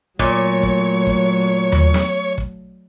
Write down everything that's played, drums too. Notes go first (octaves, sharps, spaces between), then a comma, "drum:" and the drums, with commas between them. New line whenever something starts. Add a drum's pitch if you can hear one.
A#2 F#3 A3 C#5, drum: kick
drum: kick
drum: kick
drum: tom D#2
drum: snare
drum: kick